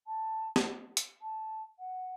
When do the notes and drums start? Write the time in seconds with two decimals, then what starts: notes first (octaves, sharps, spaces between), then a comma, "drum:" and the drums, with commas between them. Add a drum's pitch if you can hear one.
0.06 A5
0.56 drum: snare
0.97 drum: hi-hat
1.21 A5
1.79 F#5